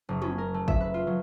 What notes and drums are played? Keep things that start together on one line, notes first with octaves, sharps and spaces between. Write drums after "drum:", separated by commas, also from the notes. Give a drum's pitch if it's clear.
F#1
C#4, drum: tom
A#4
A3
E5, drum: kick
B4
F4
F#3